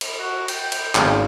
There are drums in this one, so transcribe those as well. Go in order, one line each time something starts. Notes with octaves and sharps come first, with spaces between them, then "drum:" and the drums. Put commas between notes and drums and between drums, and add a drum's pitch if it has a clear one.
drum: cymbal
F#4
G5, drum: cymbal
drum: cymbal
G#1 C#3 C5 F5, drum: clap